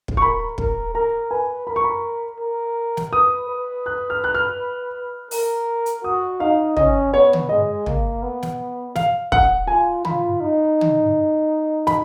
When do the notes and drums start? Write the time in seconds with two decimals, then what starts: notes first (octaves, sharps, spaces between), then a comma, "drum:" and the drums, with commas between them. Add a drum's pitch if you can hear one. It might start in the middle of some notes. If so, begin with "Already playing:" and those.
0.08 drum: kick
0.17 C#6
0.21 A#4 B5
0.58 A#4, drum: kick
0.94 A#4 A#5
1.30 B4 G#5
1.67 A#4 B5
1.76 C#6
1.84 B5
2.40 A#4
2.97 drum: snare
3.13 B4 D#6
3.49 B4
3.86 F#6
4.10 F6
4.24 F#6
4.35 F6
5.31 A#4, drum: open hi-hat
5.86 drum: hi-hat
6.04 F#4 D#6
6.40 D#4 F5
6.77 C#4 D#5, drum: tom
7.13 B3 C#5
7.33 drum: tom
7.49 G#3 D#5
7.86 A#3, drum: tom
8.23 B3
8.43 drum: snare
8.96 F5, drum: snare
9.32 F#5, drum: kick
9.67 F4 G#5
10.05 F4 B5, drum: tom
10.41 D#4
10.81 drum: tom
11.87 B5, drum: snare